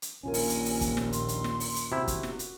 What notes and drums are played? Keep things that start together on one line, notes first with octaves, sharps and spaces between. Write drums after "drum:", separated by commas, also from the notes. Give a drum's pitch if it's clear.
drum: hi-hat
A#1 D#2 C#4 F4 A#4 G#5
drum: open hi-hat
drum: hi-hat
drum: open hi-hat
drum: kick, hi-hat
drum: snare
C6, drum: hi-hat
drum: hi-hat
drum: snare
drum: open hi-hat
drum: hi-hat
C3 E4 F#4
drum: kick, hi-hat
drum: snare
drum: hi-hat